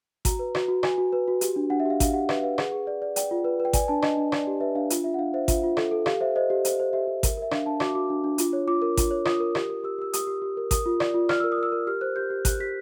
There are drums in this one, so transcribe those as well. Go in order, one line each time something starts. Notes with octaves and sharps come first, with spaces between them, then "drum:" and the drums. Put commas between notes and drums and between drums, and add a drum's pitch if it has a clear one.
F#4 A#5, drum: kick G#1, hi-hat
B4
F#4, drum: rim click
F#4
F#4 G#5, drum: rim click
F#4
B4
F#4
G4, drum: hi-hat
D4
D4 F#5
E5
G4 F5
D4 F5, drum: kick G#1, hi-hat
G4 F#5
B4 E5, drum: rim click
B4 F5
G#4 F#5, drum: rim click
G#4
D5
D5
D5 G5, drum: hi-hat
F4
B4
B4
G5
D5 G#5, drum: kick G#1, hi-hat
D4 A5
D4 D#5, drum: rim click
D4
D5, drum: rim click
G4
B4 E5
D4 F5
F4, drum: hi-hat
F4 E5
F#5
D4 F5
C5 E5
F4 E5, drum: kick G#1, hi-hat
F4
A4, drum: rim click
A4
G4 F5, drum: rim click
C5 E5
C5 D#5
G4
C5, drum: hi-hat
C5
G4 E5
G4
A#4, drum: kick G#1, hi-hat
A#4 E5
D4 F5, drum: rim click
D4 A5
F#4 D6, drum: rim click
F#4 D6
D4
D4
F4, drum: hi-hat
C#5
F4 D6
A#4
F4, drum: kick G#1, hi-hat
C#5
F4 D#6, drum: rim click
A#4
G4, drum: rim click
A#4
G4 E6
G4 E6
G4 D#6, drum: hi-hat
G4
G4
A#4
A#4 D#6, drum: kick G#1, hi-hat
F4
D5, drum: rim click
F4
D5 F6, drum: rim click
A#4 E6
D#6
A#4 E6
A#4
G4 F6
C5 F#6
G4 G6
G4
G4 F#6, drum: kick G#1, hi-hat
G4 B6